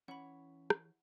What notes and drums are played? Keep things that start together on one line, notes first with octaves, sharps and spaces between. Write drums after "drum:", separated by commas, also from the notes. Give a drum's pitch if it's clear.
E3 C#4 E4 C#5 F#5 B5
drum: rim click